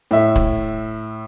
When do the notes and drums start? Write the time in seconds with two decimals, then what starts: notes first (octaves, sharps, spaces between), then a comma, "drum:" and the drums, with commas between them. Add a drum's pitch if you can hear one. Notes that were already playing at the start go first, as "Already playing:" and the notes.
0.11 A2 E5
0.36 drum: kick